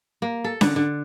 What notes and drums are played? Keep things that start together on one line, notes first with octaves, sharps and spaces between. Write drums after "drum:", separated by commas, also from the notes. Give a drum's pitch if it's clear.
A#3
A4
D3, drum: snare C#4
D3